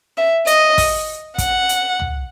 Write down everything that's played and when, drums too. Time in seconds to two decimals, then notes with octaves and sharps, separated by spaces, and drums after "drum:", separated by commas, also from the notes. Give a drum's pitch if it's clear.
0.18 E5
0.47 D#5, drum: hi-hat
0.78 drum: kick, open hi-hat
1.38 F#5, drum: kick, hi-hat
1.69 drum: hi-hat
1.99 drum: tom